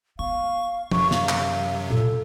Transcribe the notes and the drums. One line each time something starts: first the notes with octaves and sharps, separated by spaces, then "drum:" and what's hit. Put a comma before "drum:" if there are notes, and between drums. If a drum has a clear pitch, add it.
B3 F5 C#6
F#2 C3 E3 F#3 C#6, drum: tom
F5, drum: snare
drum: clap
A#2 A4